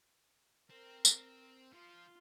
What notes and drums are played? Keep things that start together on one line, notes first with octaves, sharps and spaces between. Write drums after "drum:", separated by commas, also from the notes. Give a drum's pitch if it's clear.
C4 A#4
drum: tambourine
F3 F4